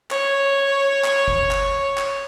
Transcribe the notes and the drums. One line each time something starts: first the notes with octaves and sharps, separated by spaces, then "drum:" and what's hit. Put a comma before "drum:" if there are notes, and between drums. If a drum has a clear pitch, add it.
C#5, drum: clap
drum: clap
drum: kick G1
drum: clap
drum: clap